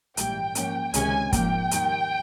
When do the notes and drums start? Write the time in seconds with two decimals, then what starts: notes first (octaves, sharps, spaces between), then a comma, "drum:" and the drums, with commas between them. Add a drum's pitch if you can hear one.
0.17 A#1 G#2 E3 G3 A#3 G5, drum: hi-hat
0.55 G#2 F3 A#3 C#4, drum: hi-hat
0.94 C#2 C3 D#3 G#3 C#4 G#5, drum: hi-hat
1.33 G#2 F3 A#3 G5, drum: kick, hi-hat
1.71 D#2 D#3 G3, drum: hi-hat